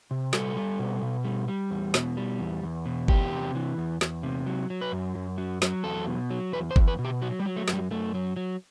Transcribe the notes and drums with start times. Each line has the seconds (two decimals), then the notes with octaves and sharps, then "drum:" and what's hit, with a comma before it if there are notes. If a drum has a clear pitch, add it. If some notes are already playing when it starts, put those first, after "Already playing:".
0.11 C3
0.33 G3 A4, drum: snare
0.56 G3
0.79 B2
1.02 B2
1.24 G3
1.48 G3
1.71 E2
1.94 B2, drum: snare
2.17 G3
2.39 E2
2.63 E2
2.86 B2
3.08 E2 G4, drum: kick G1
3.32 C3
3.55 E3
3.78 E2
4.01 E2, drum: snare
4.23 C3
4.46 F#3
4.70 F#3
4.81 B4
4.92 F#2
5.15 F#2
5.38 F#3
5.62 F#3, drum: snare
5.84 E2 A4
6.07 B2
6.31 F#3
6.53 E2 B4
6.71 C5
6.76 E2, drum: kick G1
6.88 B4
6.99 B2
7.04 G4
7.22 F#3 F#4
7.40 G3
7.45 F#3
7.56 A3
7.68 F#2, drum: snare
7.73 G3
7.91 F#2 A3
8.15 F#3
8.36 F#3